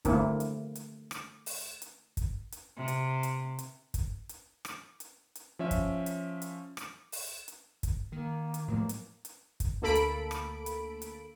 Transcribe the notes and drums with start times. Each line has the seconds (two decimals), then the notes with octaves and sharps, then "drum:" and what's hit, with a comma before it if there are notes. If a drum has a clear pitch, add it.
0.05 D3 A3 A#3 C4 E4, drum: kick, hi-hat
0.40 drum: hi-hat
0.75 drum: hi-hat
1.11 drum: rim click
1.46 drum: open hi-hat
1.82 drum: hi-hat
2.17 drum: kick, hi-hat
2.52 drum: hi-hat
2.76 C3
2.88 drum: hi-hat
3.23 drum: hi-hat
3.59 drum: hi-hat
3.94 drum: kick, hi-hat
4.29 drum: hi-hat
4.65 drum: rim click
5.00 drum: hi-hat
5.35 drum: hi-hat
5.59 F3 C#4 E5
5.71 drum: kick, hi-hat
6.06 drum: hi-hat
6.42 drum: hi-hat
6.77 drum: rim click
7.12 drum: open hi-hat
7.48 drum: hi-hat
7.83 drum: kick, hi-hat
8.12 D#3 A#3
8.54 drum: hi-hat
8.68 A2 F3 F#3 A#3
8.89 drum: hi-hat
9.25 drum: hi-hat
9.60 drum: kick, hi-hat
9.82 D2 A#3 A4 B5 D7
9.95 drum: hi-hat
10.31 drum: rim click
10.66 drum: hi-hat
11.02 drum: hi-hat